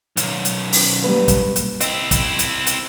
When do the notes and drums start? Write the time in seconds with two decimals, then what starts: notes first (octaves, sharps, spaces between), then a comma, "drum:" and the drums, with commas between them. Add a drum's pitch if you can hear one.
0.17 B1 F#2, drum: hi-hat
0.45 drum: hi-hat
0.72 drum: open hi-hat
1.04 G3 A#3 B4
1.28 drum: kick, hi-hat
1.56 drum: hi-hat
1.81 C4 E4 D#5, drum: hi-hat
2.11 drum: kick, hi-hat
2.39 drum: hi-hat
2.67 drum: hi-hat